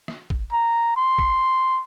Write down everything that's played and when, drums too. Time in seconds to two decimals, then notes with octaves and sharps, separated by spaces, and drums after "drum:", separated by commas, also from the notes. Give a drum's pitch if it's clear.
0.08 drum: rim click
0.30 drum: kick
0.52 A#5
0.97 C6
1.19 drum: kick